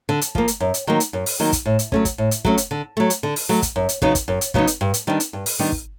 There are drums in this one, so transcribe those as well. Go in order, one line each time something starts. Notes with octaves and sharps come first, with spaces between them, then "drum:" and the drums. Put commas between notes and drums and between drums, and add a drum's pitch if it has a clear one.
D3
drum: hi-hat
F3 A#3, drum: kick
drum: hi-hat
F#2
drum: hi-hat
D#3 F#3 A#3
drum: hi-hat
F#2
drum: open hi-hat
D#3 F#3 A#3
drum: kick, hi-hat
A2
drum: hi-hat
F#3 A3 C#4, drum: kick
drum: kick, hi-hat
A2
drum: hi-hat
F#3 A3 C#4, drum: kick
drum: hi-hat
D3
F#3 A3
drum: hi-hat
D3
drum: open hi-hat
F#3 A3
drum: kick, hi-hat
F#2
drum: hi-hat
C#3 F#3 B3 D#4, drum: kick
drum: kick, hi-hat
F#2
drum: hi-hat
C#3 F#3 B3 D#4, drum: kick
drum: hi-hat
G2
drum: hi-hat
D#3 G3 B3 D4
drum: hi-hat
G2
drum: open hi-hat
D#3 G3 B3 D4
drum: kick